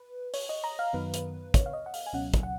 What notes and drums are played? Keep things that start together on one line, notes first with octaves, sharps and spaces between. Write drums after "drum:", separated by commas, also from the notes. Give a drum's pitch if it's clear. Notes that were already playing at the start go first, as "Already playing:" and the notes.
Already playing: B4
C#5, drum: open hi-hat
D#5
A#5
F5
F#2 D#3 F#3 B3 B4
drum: hi-hat
C#5, drum: kick, hi-hat
F5
D#5
F#5
F5, drum: open hi-hat
G#5
C#2 B2 F#3 C#4 F#5
drum: kick, hi-hat
F#5